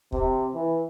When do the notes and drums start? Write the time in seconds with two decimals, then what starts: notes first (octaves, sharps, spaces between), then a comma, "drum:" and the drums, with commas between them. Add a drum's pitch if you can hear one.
0.12 C3, drum: kick
0.55 E3